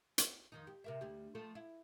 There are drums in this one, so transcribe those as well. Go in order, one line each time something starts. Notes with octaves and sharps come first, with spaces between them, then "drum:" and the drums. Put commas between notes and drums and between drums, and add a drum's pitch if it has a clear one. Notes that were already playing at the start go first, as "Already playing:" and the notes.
drum: hi-hat
F2 D#3 D#4
G4
C3 A#4 E5
D2 G3
F3 A3 A4
E4